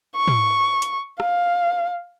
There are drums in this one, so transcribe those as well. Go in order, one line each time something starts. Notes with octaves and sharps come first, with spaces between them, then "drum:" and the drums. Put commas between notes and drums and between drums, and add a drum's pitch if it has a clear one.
C#6
drum: tom
drum: hi-hat
F5, drum: rim click